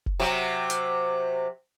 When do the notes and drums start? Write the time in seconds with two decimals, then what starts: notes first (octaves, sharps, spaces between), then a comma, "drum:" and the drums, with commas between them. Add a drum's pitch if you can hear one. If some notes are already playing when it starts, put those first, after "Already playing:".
0.06 drum: kick F1
0.20 C3 F#3
0.70 drum: hi-hat